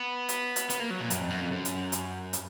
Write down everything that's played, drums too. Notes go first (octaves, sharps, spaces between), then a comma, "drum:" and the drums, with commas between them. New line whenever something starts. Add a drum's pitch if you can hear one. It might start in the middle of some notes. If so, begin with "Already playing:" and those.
Already playing: B3
drum: hi-hat
drum: hi-hat
B3, drum: hi-hat
A#3
F#3
A#2
F#2, drum: hi-hat
F2
F#2
F2
F#2
drum: hi-hat
drum: hi-hat
drum: hi-hat